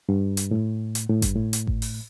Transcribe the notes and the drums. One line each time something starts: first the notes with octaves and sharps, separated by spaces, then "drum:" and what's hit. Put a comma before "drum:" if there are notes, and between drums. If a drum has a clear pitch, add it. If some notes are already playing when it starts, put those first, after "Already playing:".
G2
drum: hi-hat
A2
drum: hi-hat
A2
G2, drum: kick G#1, hi-hat
A2
drum: hi-hat
drum: kick G#1
drum: open hi-hat